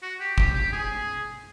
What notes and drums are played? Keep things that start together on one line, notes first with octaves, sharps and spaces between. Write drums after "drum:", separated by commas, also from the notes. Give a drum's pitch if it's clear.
F#4
G4
G4, drum: kick
G4
G#4